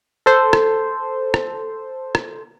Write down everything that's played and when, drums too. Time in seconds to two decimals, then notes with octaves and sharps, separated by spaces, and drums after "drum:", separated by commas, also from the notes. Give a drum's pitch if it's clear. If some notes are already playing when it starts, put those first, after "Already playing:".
0.26 A4 C5
0.53 drum: rim click
1.34 drum: rim click
2.15 drum: rim click